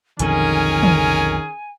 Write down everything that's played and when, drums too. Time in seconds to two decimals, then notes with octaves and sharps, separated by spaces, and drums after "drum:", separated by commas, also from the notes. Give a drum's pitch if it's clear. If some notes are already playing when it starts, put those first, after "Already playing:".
0.19 B1 F2 D3 D#3 C#4 G#4 A#4 G#5, drum: hi-hat
0.83 drum: tom